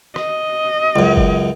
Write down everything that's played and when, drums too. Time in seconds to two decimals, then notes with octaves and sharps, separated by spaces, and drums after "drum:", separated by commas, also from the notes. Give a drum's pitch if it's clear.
0.16 D#5, drum: rim click
0.96 C#2 F#2
1.17 drum: kick F#1